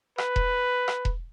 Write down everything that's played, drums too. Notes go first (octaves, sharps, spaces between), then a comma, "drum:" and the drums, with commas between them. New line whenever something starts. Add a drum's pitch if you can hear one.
B4, drum: rim click
drum: kick E1
drum: rim click
drum: kick E1